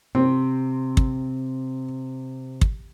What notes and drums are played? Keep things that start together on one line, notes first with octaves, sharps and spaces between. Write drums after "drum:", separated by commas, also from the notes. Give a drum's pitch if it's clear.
C3 C4
drum: kick
drum: kick